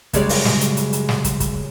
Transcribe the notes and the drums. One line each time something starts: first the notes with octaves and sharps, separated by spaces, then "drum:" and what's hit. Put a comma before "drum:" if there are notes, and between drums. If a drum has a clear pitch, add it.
F#2 C#3 G3 G#3 G4 D5, drum: kick, hi-hat
drum: open hi-hat
drum: snare
drum: hi-hat
drum: hi-hat
drum: hi-hat
drum: snare
drum: kick, hi-hat
drum: kick, hi-hat